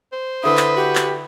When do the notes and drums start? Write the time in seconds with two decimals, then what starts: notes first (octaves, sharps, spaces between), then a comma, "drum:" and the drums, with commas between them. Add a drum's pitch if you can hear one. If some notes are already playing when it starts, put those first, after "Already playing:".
0.13 C5
0.44 D3 E4 B4 D#6
0.57 drum: clap
0.76 F#4 G4
0.95 drum: clap